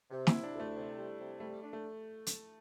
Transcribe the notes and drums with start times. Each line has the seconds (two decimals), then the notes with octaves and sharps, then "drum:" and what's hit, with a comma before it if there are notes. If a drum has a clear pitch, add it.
0.11 C3
0.27 E4, drum: snare
0.32 C3
0.44 D4
0.53 D2
0.60 A3
0.75 C3
0.97 G3
1.19 C3
1.40 G3 A3
1.63 D4
1.73 A3
2.27 drum: hi-hat